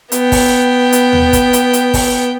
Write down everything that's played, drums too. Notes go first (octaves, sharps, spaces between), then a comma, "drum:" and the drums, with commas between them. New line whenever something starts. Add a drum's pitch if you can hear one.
B3 G5, drum: hi-hat
drum: kick, open hi-hat
drum: hi-hat
drum: tom D#2
drum: kick, hi-hat
drum: hi-hat
drum: hi-hat
drum: kick, open hi-hat